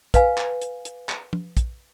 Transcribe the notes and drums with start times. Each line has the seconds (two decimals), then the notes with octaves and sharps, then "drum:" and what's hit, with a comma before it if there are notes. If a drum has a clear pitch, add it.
0.14 B4 F5 G#5, drum: kick, hi-hat
0.38 drum: clap
0.61 drum: hi-hat
0.85 drum: hi-hat
1.09 drum: clap
1.33 drum: tom
1.57 drum: kick, hi-hat